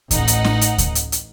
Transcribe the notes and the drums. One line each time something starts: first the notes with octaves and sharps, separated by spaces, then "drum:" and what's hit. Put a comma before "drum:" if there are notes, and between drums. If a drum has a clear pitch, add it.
A1 D#4 F#5, drum: kick D2, hi-hat
drum: hi-hat
drum: snare
drum: hi-hat
drum: kick D2, hi-hat
drum: hi-hat
drum: hi-hat